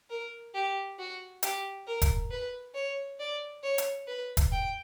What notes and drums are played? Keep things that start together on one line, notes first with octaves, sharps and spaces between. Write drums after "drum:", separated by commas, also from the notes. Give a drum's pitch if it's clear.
A#4
G4
F#4
G4, drum: hi-hat
A#4
drum: kick E1, hi-hat
B4
C#5
D5
C#5
drum: hi-hat
B4
drum: kick E1, hi-hat
G5